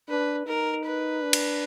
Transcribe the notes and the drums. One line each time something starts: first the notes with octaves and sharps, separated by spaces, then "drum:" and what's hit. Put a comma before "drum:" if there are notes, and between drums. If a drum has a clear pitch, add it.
D4 B4
D#4 A#4
B4
D4
drum: cymbal